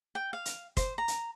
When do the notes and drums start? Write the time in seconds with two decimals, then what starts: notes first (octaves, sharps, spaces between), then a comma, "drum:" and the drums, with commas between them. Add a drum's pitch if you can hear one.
0.15 G5
0.33 F5
0.45 drum: hi-hat
0.77 C5, drum: kick, hi-hat
0.98 A#5
1.08 drum: hi-hat